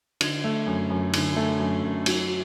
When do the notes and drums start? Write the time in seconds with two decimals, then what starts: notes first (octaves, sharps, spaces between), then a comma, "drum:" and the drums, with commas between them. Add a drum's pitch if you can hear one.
0.21 D3, drum: cymbal
0.44 A3
0.66 F#2
0.90 F#2
1.13 D3, drum: cymbal
1.36 A3
1.60 F#2
1.83 F#2
2.06 F#3, drum: cymbal